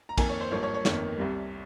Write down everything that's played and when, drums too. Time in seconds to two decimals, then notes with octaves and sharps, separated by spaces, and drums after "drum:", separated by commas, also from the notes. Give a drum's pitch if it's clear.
0.09 A#5
0.18 F2 D#3 A#3 G#5, drum: kick, cymbal
0.29 C#5
0.41 C5
0.51 G#1 G2 F3 A#3 C#5
0.63 C#5
0.74 C#5
0.85 G1 F2 D#3 A#3 C#5, drum: snare
1.17 C2 C3 G3